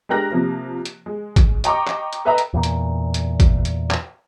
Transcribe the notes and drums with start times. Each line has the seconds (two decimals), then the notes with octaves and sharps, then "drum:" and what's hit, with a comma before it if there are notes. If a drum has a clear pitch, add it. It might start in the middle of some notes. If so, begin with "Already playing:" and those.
0.09 G#3 D4 G4 A#4 F#6 A#6
0.32 C3 F3 A#3
0.85 drum: hi-hat
1.06 G#3
1.36 drum: kick, hi-hat
1.64 D#5 G5 A#5 C#6 D6, drum: hi-hat
1.87 drum: clap
2.13 drum: hi-hat
2.25 A4 B4 D#5 E5 G5 A#5
2.38 drum: hi-hat
2.53 E2 A#2
2.63 drum: hi-hat
3.14 drum: hi-hat
3.40 drum: kick, hi-hat
3.65 drum: hi-hat
3.91 drum: clap